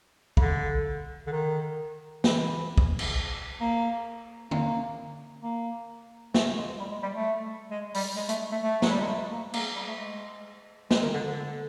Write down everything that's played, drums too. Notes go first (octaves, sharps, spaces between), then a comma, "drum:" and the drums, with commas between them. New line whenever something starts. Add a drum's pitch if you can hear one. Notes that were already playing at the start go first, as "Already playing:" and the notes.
C#3, drum: kick
D3
D3
D#3
E3, drum: snare
drum: kick
drum: cymbal
A#3
A#3, drum: tom D3
A#3
A3, drum: snare
G#3
G3
G#3
G3
A3
G#3
G3, drum: open hi-hat
G#3
A3, drum: hi-hat
A3
A3
F#3, drum: snare
G3
G#3
A3
A#3
A#3, drum: cymbal
G3
A3
G#3
G#3, drum: snare
D#3
D3
D3